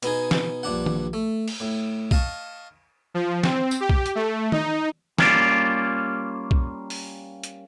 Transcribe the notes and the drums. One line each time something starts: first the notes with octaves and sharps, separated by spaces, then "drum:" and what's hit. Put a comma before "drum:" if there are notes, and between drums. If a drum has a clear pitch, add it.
B2 B3 D#4 G#4, drum: hi-hat
drum: snare
A#1 G2 D4 F#5
drum: tom D#3
A3
drum: cymbal
A2
D#5 F5 A5 C#6, drum: kick B1
F3
C4, drum: snare
drum: tambourine
G4
drum: kick B1
drum: hi-hat
A3
D#4, drum: tom D#3
G3 A#3 C#4 F4 D5, drum: snare
drum: kick B1
drum: open hi-hat
drum: hi-hat